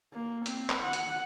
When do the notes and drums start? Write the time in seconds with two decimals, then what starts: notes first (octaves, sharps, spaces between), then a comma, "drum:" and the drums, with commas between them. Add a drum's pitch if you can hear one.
0.13 A#3
0.46 C4, drum: hi-hat
0.70 drum: clap
0.83 F#5
0.93 drum: hi-hat